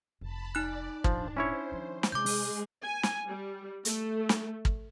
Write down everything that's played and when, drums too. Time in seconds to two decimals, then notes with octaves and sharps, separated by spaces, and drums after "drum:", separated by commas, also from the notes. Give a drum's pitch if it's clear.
0.21 F1 A5 B5
0.55 D#4 D5 F#6
1.04 D#1 G#2 F3 D4, drum: kick
1.37 C#4 E4 C5 C#5
1.71 D#3 F3
2.03 drum: snare
2.12 C3 G#3 G#4 D6 G6
2.26 drum: open hi-hat
2.82 G#5
3.03 drum: snare
3.27 G3
3.85 A3, drum: hi-hat
4.29 drum: snare
4.65 drum: kick